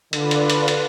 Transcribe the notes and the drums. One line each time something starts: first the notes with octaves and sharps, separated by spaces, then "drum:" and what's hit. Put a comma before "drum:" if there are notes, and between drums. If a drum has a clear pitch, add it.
D3 F4 B4 D5, drum: hi-hat
drum: hi-hat
drum: hi-hat
drum: hi-hat